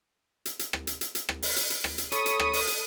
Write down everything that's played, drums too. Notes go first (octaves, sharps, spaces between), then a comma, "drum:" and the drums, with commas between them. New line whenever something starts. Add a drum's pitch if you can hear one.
drum: hi-hat
drum: hi-hat
drum: rim click
drum: hi-hat
drum: hi-hat
drum: hi-hat
drum: rim click
drum: open hi-hat
drum: hi-hat
drum: hi-hat
drum: rim click
drum: hi-hat
A4 C#5 B5 C#6 D#6, drum: hi-hat
drum: hi-hat
drum: rim click
drum: open hi-hat
drum: hi-hat